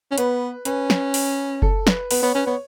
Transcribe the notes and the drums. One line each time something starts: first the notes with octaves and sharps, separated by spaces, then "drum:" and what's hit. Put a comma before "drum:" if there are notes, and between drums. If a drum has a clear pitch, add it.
C#4 C#5
B3 B4, drum: hi-hat
C#4 B4, drum: hi-hat
drum: snare
drum: open hi-hat
A4, drum: kick F#1
B4, drum: snare
B3 B4, drum: open hi-hat
B3 C#5
C#4 B4
B3 C#5